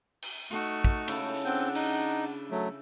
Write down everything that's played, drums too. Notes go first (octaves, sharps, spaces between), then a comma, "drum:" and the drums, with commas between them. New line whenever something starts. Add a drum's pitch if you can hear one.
drum: cymbal
A3 D#4 F#4
drum: kick
C#3 E4 A4, drum: cymbal
drum: open hi-hat
C4 D4 F#5 G6
D#4, drum: cymbal
F#3 A3